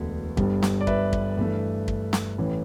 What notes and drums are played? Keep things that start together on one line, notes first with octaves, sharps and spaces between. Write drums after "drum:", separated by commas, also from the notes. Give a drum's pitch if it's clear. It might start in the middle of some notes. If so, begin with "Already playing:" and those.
Already playing: E1 D2 D3 B3
G1 G2 G3 B3, drum: kick
drum: snare
D5
B4 E5, drum: kick
drum: kick
G2 E3 A3
drum: kick
drum: snare
A1 A2 E3